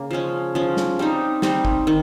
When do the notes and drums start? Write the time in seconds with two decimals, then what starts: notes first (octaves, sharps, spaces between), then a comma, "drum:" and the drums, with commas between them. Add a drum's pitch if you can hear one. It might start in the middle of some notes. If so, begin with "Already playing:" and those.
Already playing: C#3 A#3
0.11 F3 G#3 C#4
0.55 F3 G#3 C#4
0.77 drum: snare
0.99 G3 C4 D#4
1.42 G3 C4 D#4, drum: snare
1.65 drum: kick
1.87 D#3